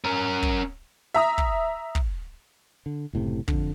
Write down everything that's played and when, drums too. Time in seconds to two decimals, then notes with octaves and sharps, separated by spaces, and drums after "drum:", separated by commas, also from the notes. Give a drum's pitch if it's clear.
0.04 C#4 A#4
0.43 drum: kick
1.14 E5 A#5 D#6
1.38 drum: kick
1.95 drum: kick
2.86 D3
3.13 F#1 A2 C3
3.48 F2 D3, drum: kick